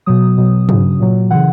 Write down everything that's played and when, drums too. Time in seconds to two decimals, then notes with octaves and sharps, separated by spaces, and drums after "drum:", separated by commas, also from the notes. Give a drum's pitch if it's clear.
0.06 B2 F#3 D#6
0.38 B2 F#3
0.69 C#3 F#3, drum: tom G2
1.00 A#2 F#3
1.31 C#3 E3 F#5